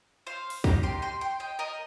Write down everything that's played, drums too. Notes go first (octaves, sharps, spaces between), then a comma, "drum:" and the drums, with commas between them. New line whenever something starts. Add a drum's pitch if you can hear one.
C5 F5
drum: open hi-hat
A#3 D#4 G4, drum: kick
G5 C6
G5 C6
G5 C6
D#5 G5
A#4 D#5